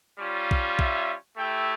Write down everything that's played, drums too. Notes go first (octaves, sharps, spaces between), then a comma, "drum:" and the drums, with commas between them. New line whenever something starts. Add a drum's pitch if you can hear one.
G3 C#4 F4
drum: kick B1
E5, drum: kick B1
A3 E4 G4 G5